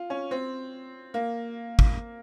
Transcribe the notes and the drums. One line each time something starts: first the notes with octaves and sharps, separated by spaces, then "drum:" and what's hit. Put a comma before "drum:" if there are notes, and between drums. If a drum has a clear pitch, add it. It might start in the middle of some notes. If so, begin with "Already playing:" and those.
Already playing: F4
C#4
C4
A#3
drum: kick